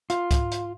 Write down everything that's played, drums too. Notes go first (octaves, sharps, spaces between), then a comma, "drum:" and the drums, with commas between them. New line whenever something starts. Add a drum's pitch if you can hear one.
F4, drum: hi-hat
drum: kick, hi-hat
drum: hi-hat